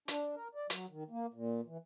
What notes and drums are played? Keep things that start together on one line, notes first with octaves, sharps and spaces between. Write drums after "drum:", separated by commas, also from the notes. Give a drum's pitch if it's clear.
D4, drum: hi-hat
A#4
D5
F#3, drum: hi-hat
D#3
A#3
A#2
E3